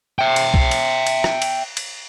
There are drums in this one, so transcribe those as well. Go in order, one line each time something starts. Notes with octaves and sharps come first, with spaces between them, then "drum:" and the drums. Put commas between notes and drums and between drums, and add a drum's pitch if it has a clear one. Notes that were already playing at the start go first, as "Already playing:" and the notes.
E5 G5
drum: cymbal
drum: kick
drum: cymbal
drum: cymbal
drum: rim click
drum: cymbal
drum: cymbal